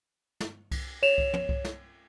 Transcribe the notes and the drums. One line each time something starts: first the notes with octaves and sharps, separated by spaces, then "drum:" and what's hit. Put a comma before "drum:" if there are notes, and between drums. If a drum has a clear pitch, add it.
drum: snare
drum: kick C2, cymbal
C#5 E7 F7, drum: cymbal
drum: kick C2
drum: tom
drum: kick C2
drum: snare